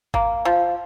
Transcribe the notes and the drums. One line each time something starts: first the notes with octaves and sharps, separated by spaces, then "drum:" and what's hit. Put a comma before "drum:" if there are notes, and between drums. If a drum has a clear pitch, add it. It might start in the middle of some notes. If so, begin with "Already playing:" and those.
A#3, drum: kick G#1
F3